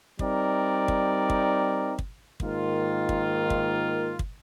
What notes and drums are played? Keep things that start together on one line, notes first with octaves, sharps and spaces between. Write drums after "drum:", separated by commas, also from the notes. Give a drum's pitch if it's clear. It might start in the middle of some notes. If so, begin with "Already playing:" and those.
G3 C4 D#4 A#4 D5, drum: kick
drum: kick
drum: kick
drum: kick
G#2 D#3 A#3 F4 A#4, drum: kick
drum: kick
drum: kick
drum: kick